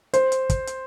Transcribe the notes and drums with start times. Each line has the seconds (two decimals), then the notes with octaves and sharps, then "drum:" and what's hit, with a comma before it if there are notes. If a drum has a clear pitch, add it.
0.14 C5, drum: hi-hat
0.32 drum: hi-hat
0.50 drum: kick, hi-hat
0.67 drum: hi-hat